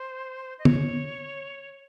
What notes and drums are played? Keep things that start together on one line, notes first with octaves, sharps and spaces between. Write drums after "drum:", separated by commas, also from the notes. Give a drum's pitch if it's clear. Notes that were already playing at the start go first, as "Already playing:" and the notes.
Already playing: C5
D#5
C#5, drum: tom